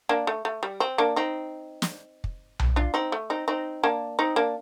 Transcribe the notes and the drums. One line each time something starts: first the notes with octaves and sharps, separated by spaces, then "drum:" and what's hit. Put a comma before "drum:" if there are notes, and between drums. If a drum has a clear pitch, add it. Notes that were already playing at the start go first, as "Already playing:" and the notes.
A#3 D4
A3
A3
G3
C4
A#3 D4
C4 D#4
drum: snare
drum: kick
drum: tom B1
D4 F4
C4 D#4
A3
C4 D#4
C4 D#4
A#3 D4
C4 D#4
A#3 D4